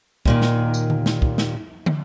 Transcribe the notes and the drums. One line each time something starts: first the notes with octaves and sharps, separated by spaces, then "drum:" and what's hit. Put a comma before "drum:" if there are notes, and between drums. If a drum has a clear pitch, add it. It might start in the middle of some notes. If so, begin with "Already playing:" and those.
D#2 A#2 D#3, drum: kick
drum: snare
drum: tambourine
drum: tom D3
drum: snare
drum: kick
drum: snare
drum: tom